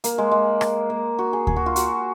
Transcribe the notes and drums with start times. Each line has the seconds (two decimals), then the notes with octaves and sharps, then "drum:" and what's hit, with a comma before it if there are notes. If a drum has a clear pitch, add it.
0.04 A#3, drum: hi-hat
0.18 G#3
0.31 G#3
0.61 drum: rim click
0.90 A#3
1.19 F#4
1.33 G#4
1.47 G#4, drum: kick D2
1.56 F#4
1.66 F4
1.76 F#4, drum: hi-hat